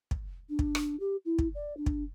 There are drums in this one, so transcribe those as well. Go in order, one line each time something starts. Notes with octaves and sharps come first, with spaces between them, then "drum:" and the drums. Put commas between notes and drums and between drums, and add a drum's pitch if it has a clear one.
drum: kick
D4
drum: kick
drum: rim click
G4
E4
drum: kick
D5
D4
drum: kick